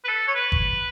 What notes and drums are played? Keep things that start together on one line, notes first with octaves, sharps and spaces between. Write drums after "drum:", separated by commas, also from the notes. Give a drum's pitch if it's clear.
B4
A4
C#5
B4
drum: kick G1